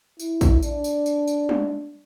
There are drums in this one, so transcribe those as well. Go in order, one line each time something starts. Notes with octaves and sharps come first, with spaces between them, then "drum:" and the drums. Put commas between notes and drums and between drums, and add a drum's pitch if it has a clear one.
E4, drum: tambourine
drum: kick, tambourine
D4, drum: tambourine
drum: tambourine
drum: tambourine
drum: tambourine
drum: tom G3